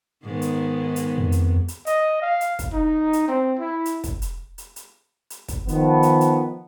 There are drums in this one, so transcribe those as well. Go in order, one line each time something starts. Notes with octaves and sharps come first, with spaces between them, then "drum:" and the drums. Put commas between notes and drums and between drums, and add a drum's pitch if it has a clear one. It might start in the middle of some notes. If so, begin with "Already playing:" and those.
G#2 D#3 B3
drum: hi-hat
drum: hi-hat
F2
drum: hi-hat
drum: hi-hat
D#5, drum: hi-hat
F5
drum: hi-hat
drum: kick, hi-hat
D#4
drum: hi-hat
C4
E4
drum: hi-hat
drum: kick, hi-hat
drum: hi-hat
drum: hi-hat
drum: hi-hat
drum: hi-hat
drum: kick, hi-hat
D#3 F3 B3, drum: hi-hat
drum: hi-hat
drum: hi-hat